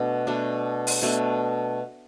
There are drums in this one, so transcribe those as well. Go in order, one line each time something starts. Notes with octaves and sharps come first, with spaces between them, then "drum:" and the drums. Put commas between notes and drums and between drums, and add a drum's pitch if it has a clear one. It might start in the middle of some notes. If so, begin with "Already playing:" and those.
Already playing: B2 A3 D4 D5
B2 A3 D4
drum: open hi-hat
B2 A3 D4